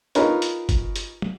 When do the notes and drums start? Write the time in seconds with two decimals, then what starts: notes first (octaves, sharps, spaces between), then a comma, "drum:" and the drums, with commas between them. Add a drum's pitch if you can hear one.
0.15 D#4 F4 G#4 A#4 B4 C#5, drum: hi-hat
0.42 drum: hi-hat
0.69 drum: kick F#1, hi-hat
0.96 drum: hi-hat
1.22 drum: tom